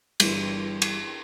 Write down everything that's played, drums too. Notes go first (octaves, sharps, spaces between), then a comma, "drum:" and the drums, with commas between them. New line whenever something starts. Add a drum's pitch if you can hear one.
G1 G2 E3, drum: cymbal
drum: cymbal